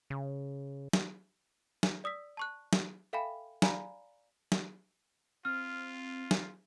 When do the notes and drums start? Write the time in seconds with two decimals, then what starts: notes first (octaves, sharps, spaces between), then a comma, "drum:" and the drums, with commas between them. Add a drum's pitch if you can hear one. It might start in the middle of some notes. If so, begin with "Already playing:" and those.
0.10 C#3
0.93 drum: snare
1.83 drum: snare
2.04 D5 D#6 E6 B6
2.37 A5 C#6 F#6
2.73 drum: snare
3.13 A4 E5 F5 G5 G#5 B5
3.62 D5 F5 G#5 A#5 B5, drum: snare
4.52 drum: snare
5.45 C4 F4 F6
6.31 drum: snare